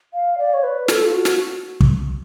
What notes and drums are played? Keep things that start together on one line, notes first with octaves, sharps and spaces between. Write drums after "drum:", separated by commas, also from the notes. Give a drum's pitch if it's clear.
F5
D5
C#5
B4
A4, drum: snare
F4
F#4
drum: snare
drum: kick